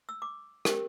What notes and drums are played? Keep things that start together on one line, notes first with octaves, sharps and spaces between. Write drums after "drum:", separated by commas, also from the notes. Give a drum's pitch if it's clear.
E6
D6
C#4 G4 A#4, drum: rim click